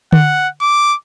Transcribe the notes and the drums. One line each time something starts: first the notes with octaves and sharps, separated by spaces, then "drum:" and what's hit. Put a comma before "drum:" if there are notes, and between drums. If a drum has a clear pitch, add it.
F#5, drum: tom D3
D6